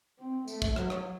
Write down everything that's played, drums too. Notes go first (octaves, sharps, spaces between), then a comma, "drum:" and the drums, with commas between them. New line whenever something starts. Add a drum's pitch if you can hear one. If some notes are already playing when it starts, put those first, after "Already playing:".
C4
A3, drum: tambourine
drum: kick, tambourine
F#3, drum: rim click
drum: rim click